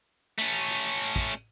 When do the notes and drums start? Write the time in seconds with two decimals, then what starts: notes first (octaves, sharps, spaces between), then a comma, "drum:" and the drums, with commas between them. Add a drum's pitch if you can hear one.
0.38 A3 C#4, drum: hi-hat
0.69 drum: hi-hat
1.00 drum: hi-hat
1.16 drum: kick
1.31 drum: hi-hat